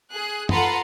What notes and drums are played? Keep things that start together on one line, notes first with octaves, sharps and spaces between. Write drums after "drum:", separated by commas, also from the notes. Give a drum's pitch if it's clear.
G#4 F#6
F4 A4 B4 F#5 A#5 C6, drum: tom F#2